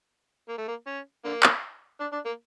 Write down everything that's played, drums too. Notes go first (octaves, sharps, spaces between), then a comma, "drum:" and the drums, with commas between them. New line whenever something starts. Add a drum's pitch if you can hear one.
A#3
A3
A#3
C#4
D3 A#3
drum: clap
D4
D4
A#3